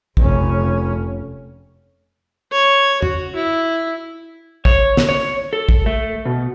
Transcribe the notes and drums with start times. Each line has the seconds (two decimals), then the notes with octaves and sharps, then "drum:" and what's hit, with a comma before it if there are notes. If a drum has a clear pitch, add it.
0.17 F1 C#4, drum: kick
2.52 C#5
3.02 F#4, drum: tom
3.36 E4
4.65 C#5, drum: kick
4.97 drum: snare
5.09 C#5
5.53 A4
5.69 drum: kick
5.86 A3
6.25 B2